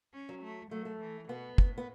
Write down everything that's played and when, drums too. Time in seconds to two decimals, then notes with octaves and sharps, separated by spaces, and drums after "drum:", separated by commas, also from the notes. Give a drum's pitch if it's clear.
0.14 C#4
0.29 F#3
0.43 A3
0.71 F#3 A3
0.85 A3
1.00 E3
1.29 B2 B3
1.58 A2, drum: kick
1.78 B3